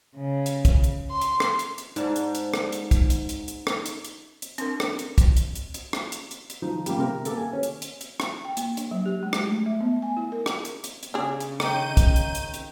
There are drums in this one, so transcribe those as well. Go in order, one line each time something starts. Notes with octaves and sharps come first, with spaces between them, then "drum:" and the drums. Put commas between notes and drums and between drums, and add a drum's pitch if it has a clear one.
C#3
drum: hi-hat
drum: kick, hi-hat
drum: hi-hat
C6
drum: hi-hat
drum: rim click
drum: hi-hat
drum: hi-hat
G#2 D4 D#4, drum: hi-hat
drum: hi-hat
drum: hi-hat
drum: rim click
drum: hi-hat
drum: kick, hi-hat
drum: hi-hat
drum: hi-hat
drum: hi-hat
drum: rim click
drum: hi-hat
drum: hi-hat
drum: hi-hat
C4 D4 A#4, drum: hi-hat
drum: rim click
drum: hi-hat
drum: kick, hi-hat
drum: hi-hat
drum: hi-hat
drum: hi-hat
drum: rim click
drum: hi-hat
drum: hi-hat
drum: hi-hat
F3 D#4
G3 A#3, drum: hi-hat
C3 A#4
A#3 G4 A4, drum: hi-hat
G#5
C#4
drum: hi-hat
drum: hi-hat
drum: hi-hat
drum: rim click
G5
A#3, drum: hi-hat
D4, drum: hi-hat
F#3
G4
G#3
drum: rim click
A3
E5
B3
G#5
E4
A#4
drum: rim click
drum: hi-hat
drum: hi-hat
drum: hi-hat
C#3 D4 G#4
drum: hi-hat
D#3 A#5 G6 D#7, drum: rim click
drum: kick, hi-hat
drum: hi-hat
drum: hi-hat
drum: hi-hat